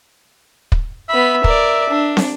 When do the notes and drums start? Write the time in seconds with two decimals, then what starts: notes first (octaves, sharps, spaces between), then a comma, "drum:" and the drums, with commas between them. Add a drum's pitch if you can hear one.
0.72 drum: kick
1.10 B3 E5 B5
1.44 A#4 D5, drum: kick
1.90 D4
2.17 drum: snare